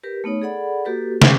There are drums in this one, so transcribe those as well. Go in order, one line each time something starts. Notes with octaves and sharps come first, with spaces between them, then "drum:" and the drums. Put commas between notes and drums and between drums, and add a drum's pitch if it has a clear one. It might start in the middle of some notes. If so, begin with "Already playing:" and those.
G4 A#4 B4
A3 B3 D#4 C#5
G#4 A4 D5 F#5 B5
A#3 F#4 G4 A4 B4
C#6 D6, drum: snare